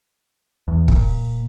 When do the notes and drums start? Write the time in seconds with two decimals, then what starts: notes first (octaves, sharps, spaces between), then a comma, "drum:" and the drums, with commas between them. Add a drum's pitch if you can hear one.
0.68 E2
0.88 A#2, drum: kick